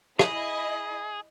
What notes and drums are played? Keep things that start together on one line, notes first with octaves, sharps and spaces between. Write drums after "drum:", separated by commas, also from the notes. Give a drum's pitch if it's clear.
E4 G#4 D#5, drum: rim click